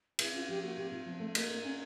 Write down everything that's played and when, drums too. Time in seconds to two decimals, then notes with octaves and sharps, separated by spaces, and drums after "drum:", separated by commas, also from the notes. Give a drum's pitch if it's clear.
0.19 C3 E4, drum: cymbal
0.34 C#4 F4
0.48 F3 G4
0.63 A#3 F#4
0.77 C3 G4
0.91 C3 F4
1.06 F3 B3
1.20 A3 C4
1.35 A#3 F#4, drum: cymbal
1.50 A#3 A4
1.64 C#4 A#4